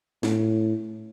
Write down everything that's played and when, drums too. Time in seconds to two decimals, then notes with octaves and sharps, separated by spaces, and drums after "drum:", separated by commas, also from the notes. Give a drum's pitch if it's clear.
0.23 A2, drum: snare